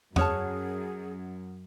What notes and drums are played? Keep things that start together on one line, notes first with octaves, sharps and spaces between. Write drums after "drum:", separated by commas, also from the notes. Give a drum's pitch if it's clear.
F#2 F#4 G#4 C#5 F#5 A5 D#6 F6, drum: tom E2